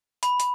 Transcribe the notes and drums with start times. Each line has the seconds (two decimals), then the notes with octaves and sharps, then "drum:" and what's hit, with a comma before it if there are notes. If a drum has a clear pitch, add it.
0.23 B5, drum: hi-hat
0.40 drum: hi-hat